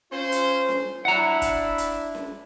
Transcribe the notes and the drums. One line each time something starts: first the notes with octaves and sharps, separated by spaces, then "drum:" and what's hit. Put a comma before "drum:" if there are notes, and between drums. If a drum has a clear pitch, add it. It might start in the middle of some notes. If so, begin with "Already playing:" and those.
C#4 F4 C5
drum: hi-hat
drum: snare C#4
D4 E4 F#5 A#5
drum: kick, hi-hat
drum: hi-hat
drum: snare C#4